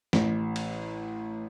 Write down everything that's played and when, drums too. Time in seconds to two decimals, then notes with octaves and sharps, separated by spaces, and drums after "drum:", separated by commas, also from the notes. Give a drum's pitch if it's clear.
0.13 A1, drum: snare
0.56 drum: cymbal